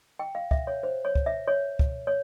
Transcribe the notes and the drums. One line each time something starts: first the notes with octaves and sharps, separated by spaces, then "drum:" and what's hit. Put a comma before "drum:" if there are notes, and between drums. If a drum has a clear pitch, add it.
G5
F5
E5, drum: kick
C#5
C5
C#5
drum: kick
E5
C#5
drum: kick
C#5